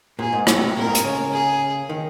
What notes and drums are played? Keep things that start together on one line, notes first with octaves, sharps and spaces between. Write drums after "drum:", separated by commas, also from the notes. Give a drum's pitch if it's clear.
A#2 G#4
G#2
A#2 F#4, drum: rim click
C3
A#2 A#4
G#2
A#2, drum: hi-hat
C#3
G#4
D#3